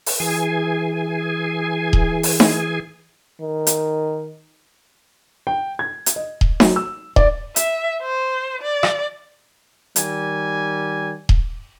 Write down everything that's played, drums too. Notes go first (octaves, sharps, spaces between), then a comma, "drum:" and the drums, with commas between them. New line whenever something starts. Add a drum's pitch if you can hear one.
drum: open hi-hat
E3 G#4 G#5
drum: kick D#1
drum: open hi-hat
drum: snare D#4
D#3
drum: hi-hat
G5
G#6
drum: hi-hat
D#5
drum: kick D#1
F#3, drum: snare D#4
E6
D5, drum: kick D#1
E5, drum: hi-hat
C5
D5
drum: rim click
D#3 G3 G#5, drum: hi-hat
drum: kick D#1